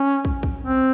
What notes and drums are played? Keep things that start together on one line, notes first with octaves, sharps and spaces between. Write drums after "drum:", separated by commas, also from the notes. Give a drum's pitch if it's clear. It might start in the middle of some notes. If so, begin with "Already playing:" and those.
Already playing: C#4
drum: kick
drum: kick
C4